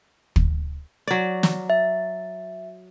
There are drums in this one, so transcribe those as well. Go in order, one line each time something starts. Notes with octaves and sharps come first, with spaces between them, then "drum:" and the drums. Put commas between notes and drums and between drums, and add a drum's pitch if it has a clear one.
drum: kick
F#3 D5
drum: snare
E5